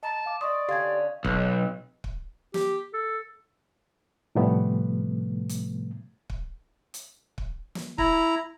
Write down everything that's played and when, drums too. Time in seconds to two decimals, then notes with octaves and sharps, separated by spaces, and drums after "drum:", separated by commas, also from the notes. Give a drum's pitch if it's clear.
0.03 D#5 A5 A#5 A6
0.26 F5 D6
0.41 D5 D#5 C6 C#6 D#6 A6
0.69 D3 C#4 G4 F5 C6 G#6
1.25 B1, drum: kick
2.04 drum: kick
2.54 G4, drum: snare
2.93 A4
4.35 A2 C3 F3 G3 A3 B3
5.49 drum: hi-hat
6.30 drum: kick
6.94 drum: hi-hat
7.38 drum: kick
7.75 drum: snare
7.98 E4 A#5, drum: kick